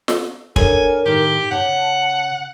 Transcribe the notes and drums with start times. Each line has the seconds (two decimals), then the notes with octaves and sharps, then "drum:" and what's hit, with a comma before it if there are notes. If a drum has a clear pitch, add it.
0.08 drum: snare
0.56 D4 A4 A#4 C#5 G#5, drum: kick
1.06 A2 D#3 G4
1.51 C#3 F#5 A5